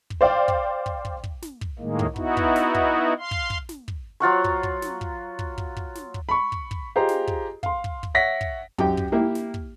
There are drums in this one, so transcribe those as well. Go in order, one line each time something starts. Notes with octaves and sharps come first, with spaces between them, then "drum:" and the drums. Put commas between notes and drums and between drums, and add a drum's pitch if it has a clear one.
drum: kick
C5 D5 F5 G5
drum: kick
drum: kick
drum: kick
drum: kick
drum: snare
drum: kick
A2 D#3 G#3 A#3
drum: kick
B3 D#4 E4 F#4, drum: kick
drum: kick
drum: snare
drum: kick
F5 C6
drum: kick
drum: kick
drum: snare
drum: kick
F#3 F4 F#5 C#6
drum: kick
drum: kick
drum: snare
drum: kick
drum: kick
drum: kick
drum: kick
drum: snare
drum: kick
B5 C#6
drum: kick
drum: kick
F4 G4 G#4 C5 D#5 A#5
drum: snare
drum: kick
F5 C6, drum: kick
drum: kick
drum: kick
C#5 E5 F#5 A#6 B6
drum: kick
F#2 G4 G5, drum: kick
drum: kick
A#3 E4 G4
drum: snare
drum: kick